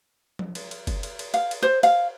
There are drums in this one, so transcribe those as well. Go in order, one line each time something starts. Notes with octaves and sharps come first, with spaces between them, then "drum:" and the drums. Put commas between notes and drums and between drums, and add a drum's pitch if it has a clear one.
drum: tom F3
drum: cymbal
drum: cymbal
drum: kick, cymbal
drum: cymbal
drum: cymbal
F5, drum: cymbal
drum: cymbal
C5
F5, drum: cymbal